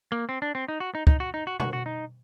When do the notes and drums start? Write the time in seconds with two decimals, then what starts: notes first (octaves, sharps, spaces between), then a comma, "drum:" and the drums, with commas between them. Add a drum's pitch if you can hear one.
0.12 A#3
0.29 C4
0.42 D4
0.55 C4
0.68 D#4
0.80 F#4
0.95 D#4
1.07 D#4, drum: kick
1.20 F#4
1.34 D#4
1.47 F#4
1.60 F#4, drum: tom B2
1.73 F#4
1.86 D#4